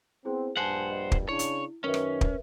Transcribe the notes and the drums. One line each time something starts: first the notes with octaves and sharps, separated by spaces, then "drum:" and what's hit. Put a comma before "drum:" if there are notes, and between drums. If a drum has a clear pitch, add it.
B3 C4 E4 G#4 C5
A#1 G2 C5 F#5 G#5 A5
D#5
drum: kick
C#3 D4 E4 C#5
drum: hi-hat
F#2 D#3 C#4 A#4 B4 E5
drum: rim click
drum: kick